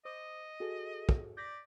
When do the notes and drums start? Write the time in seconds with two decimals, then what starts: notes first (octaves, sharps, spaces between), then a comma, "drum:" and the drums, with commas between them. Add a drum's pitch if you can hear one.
0.05 C5 D#5 D6 D#6
0.60 F#4 G#4 A4
1.09 drum: kick
1.37 D5 G6 A#6 B6